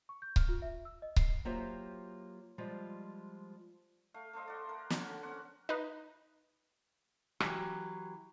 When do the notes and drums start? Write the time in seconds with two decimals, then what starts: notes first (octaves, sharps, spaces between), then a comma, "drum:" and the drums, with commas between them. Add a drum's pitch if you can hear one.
0.09 C#6
0.22 G6
0.36 F6, drum: kick C#1
0.49 F4
0.62 E5
0.85 E6
1.02 D#5
1.16 C7, drum: kick C#1
1.45 F#3 A#3 F4 G4 C5 E5
2.58 F3 G3 G#3 F4
4.14 A3 F5
4.33 A3 A4 C5 D#5
4.48 F#4 D5
4.69 A#4
4.90 D3 C#4 F#4, drum: snare
5.23 C4 C#4 D5 F#5
5.69 D#4 B4
7.40 E3 F#3 G4, drum: rim click